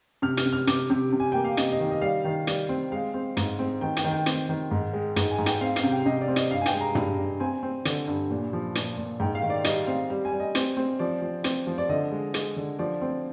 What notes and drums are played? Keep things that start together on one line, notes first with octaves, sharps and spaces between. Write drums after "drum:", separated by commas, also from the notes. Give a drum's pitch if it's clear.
C3 F6
F6, drum: hi-hat
C3
F6
C3 D6, drum: hi-hat
C3
C3
G#5
A#3 G5
F5
C3 D#5, drum: hi-hat
D#5
D#3
D#5
G3 F5
D#3
G3, drum: hi-hat
C4
G#3 F5
C4
G#2, drum: hi-hat
C4
D#3 G5
G5, drum: hi-hat
D#3
G5
C4, drum: hi-hat
D#3
G#2
G#3
G#2, drum: hi-hat
G#5
G#2
G5, drum: hi-hat
C4 F5
F5, drum: hi-hat
C3
G5
C3 D#5
D5
C4
D#5, drum: hi-hat
G2 F5
G#5
G5, drum: hi-hat
G#3
A#5
G2, drum: tom
G2
C4 G#5
C4
D3, drum: hi-hat
G2
A#2
F3
A#2, drum: hi-hat
A#2
G#2 G5
F5
D#3
D5
G3 D#5, drum: hi-hat
C4 F5
G3
G#5
G3
D#5
C4, drum: hi-hat
C4
F3 D5
F3
C4, drum: hi-hat
F3
D5
D3 D#5
G#3
G#3, drum: hi-hat
D3
F3 D5
C4